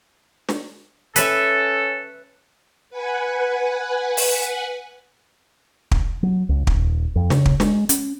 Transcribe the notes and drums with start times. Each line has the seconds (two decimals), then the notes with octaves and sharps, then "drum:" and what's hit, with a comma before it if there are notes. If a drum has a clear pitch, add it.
0.49 drum: snare
1.16 C#4 A4 B4 E5, drum: hi-hat
2.90 B4 F#5 G#5
4.17 drum: open hi-hat
5.91 drum: kick
6.23 F#3
6.49 C#2
6.67 D#1, drum: kick
7.16 F2
7.30 C#3, drum: snare
7.45 drum: kick
7.60 G#3, drum: snare
7.89 C#4, drum: hi-hat